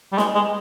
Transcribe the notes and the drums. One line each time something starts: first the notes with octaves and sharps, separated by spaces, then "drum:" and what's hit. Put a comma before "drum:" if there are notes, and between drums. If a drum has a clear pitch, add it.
G3
G#3, drum: snare
G#3